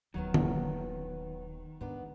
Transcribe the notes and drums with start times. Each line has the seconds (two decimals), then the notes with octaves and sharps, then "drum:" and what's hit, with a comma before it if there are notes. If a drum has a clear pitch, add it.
0.14 D#1 D#2 D#3 F#3 B3
0.34 drum: tom D3
1.81 G#2 B3 D4 A#4